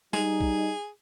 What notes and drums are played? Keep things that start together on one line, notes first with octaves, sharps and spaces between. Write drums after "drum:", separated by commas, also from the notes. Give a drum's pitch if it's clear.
G3 D#4 G#4, drum: snare
drum: kick